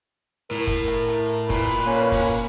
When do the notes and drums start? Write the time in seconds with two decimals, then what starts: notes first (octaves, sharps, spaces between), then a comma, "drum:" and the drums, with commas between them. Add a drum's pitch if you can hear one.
0.51 A2 A#4
0.67 drum: kick, hi-hat
0.88 drum: hi-hat
1.08 drum: hi-hat
1.29 drum: hi-hat
1.50 A#2 B4, drum: kick, hi-hat
1.70 drum: hi-hat
1.86 A#3 C#4
2.12 drum: kick, open hi-hat
2.32 drum: hi-hat